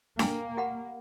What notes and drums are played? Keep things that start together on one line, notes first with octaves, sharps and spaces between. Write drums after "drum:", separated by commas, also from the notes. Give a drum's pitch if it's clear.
A#3 G5 G#5, drum: snare D4
G4 F#5 B5